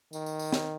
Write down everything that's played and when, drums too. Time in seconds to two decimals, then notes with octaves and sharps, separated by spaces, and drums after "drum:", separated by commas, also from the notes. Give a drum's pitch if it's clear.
0.13 D#3, drum: tambourine
0.26 drum: tambourine
0.39 drum: tambourine
0.52 drum: snare